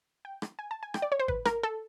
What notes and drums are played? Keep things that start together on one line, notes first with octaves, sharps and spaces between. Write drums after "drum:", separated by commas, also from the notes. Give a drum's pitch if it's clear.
G5
drum: rim click
G#5
A5
G#5
G5, drum: rim click
D5
C#5
C5
B4, drum: kick G#1
A#4, drum: rim click
A4